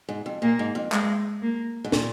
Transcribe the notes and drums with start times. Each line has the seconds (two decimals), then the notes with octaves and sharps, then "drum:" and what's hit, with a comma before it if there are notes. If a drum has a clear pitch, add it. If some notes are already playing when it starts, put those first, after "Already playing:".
0.09 G#2
0.26 F2
0.42 A#2 A#3
0.59 G#2
0.75 F2
0.92 G#3, drum: clap
1.42 A#3
1.84 G#2
1.92 A#2, drum: snare